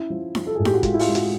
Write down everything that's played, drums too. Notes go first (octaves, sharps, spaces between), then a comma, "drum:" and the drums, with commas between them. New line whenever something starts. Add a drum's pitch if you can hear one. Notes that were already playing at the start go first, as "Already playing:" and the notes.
Already playing: C#4 E4
F3
F3, drum: snare D#4
A4
A2 G#4
G4, drum: snare D#4
F#4
G#3 F4, drum: kick, hi-hat
E4
F4, drum: open hi-hat
G#3
F#4, drum: hi-hat